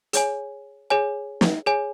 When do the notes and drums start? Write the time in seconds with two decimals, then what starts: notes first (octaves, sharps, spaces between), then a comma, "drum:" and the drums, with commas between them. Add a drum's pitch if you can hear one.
0.13 G#4 C#5 G#5, drum: hi-hat
0.90 G#4 C#5 G#5
1.41 drum: snare
1.66 G#4 C#5 G#5